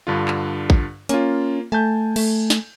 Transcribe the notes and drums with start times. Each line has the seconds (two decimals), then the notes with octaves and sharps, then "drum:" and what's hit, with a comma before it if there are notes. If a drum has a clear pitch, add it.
0.07 G2 D3 F4
0.28 drum: clap
0.70 drum: kick A1
1.09 A#3 C#4 F4, drum: hi-hat
1.72 A3 G#5 A5 G6
2.16 A3, drum: cymbal
2.50 drum: snare